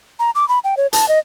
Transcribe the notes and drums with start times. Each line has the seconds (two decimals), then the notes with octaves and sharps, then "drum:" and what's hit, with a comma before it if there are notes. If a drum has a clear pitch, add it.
0.19 A#5
0.35 D6
0.49 B5
0.64 G5
0.77 C#5
0.93 A5, drum: hi-hat
1.08 D#5